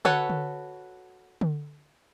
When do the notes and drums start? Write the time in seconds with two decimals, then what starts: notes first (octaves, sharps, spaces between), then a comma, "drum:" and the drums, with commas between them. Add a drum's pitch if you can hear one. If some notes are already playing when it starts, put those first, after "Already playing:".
0.05 F#4 A4 B4 C#5 F#5, drum: tom D3
0.30 drum: tom D3
1.41 drum: tom D3